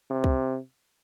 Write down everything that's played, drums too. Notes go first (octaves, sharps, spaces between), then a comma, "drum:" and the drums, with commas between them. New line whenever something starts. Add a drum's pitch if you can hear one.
C3
drum: kick C2